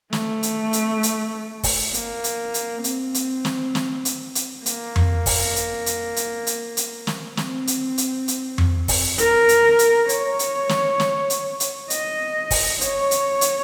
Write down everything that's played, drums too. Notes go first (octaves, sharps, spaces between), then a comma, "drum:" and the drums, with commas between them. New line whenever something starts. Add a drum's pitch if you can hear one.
A3, drum: snare
drum: hi-hat
drum: hi-hat
drum: hi-hat
drum: kick, open hi-hat
A#3, drum: hi-hat
drum: hi-hat
drum: hi-hat
C4, drum: hi-hat
drum: hi-hat
drum: snare
drum: snare
drum: hi-hat
drum: hi-hat
A#3, drum: hi-hat
drum: tom F2
drum: kick, open hi-hat
drum: hi-hat
drum: hi-hat
drum: hi-hat
drum: hi-hat
drum: hi-hat
drum: snare
C4, drum: snare
drum: hi-hat
drum: hi-hat
drum: hi-hat
drum: tom F2
drum: kick, open hi-hat
A#4, drum: hi-hat
drum: hi-hat
drum: hi-hat
C#5, drum: hi-hat
drum: hi-hat
drum: snare
drum: snare
drum: hi-hat
drum: hi-hat
D#5, drum: hi-hat
drum: kick, open hi-hat
C#5, drum: hi-hat
drum: hi-hat
drum: hi-hat